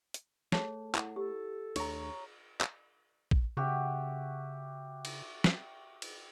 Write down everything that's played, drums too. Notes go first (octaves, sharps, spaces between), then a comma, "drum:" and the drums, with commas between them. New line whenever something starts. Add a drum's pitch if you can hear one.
drum: hi-hat
A3 G#4 C#5 A5, drum: snare
E4 F#5, drum: clap
G4 A4
D#2 A3 D4 C#5 A#5, drum: cymbal
drum: clap
drum: kick A#1
C#3 F#4 G4 E5
drum: cymbal
drum: snare
drum: cymbal